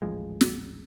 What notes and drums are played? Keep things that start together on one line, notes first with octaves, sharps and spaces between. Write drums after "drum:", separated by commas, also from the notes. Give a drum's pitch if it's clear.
D#1 A1 F3 G#3
drum: snare